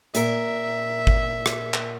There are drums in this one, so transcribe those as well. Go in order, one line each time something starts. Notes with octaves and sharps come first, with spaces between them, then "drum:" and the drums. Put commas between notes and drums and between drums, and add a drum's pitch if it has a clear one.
A#2 A#4 E5, drum: hi-hat
drum: kick G#1
drum: rim click
drum: clap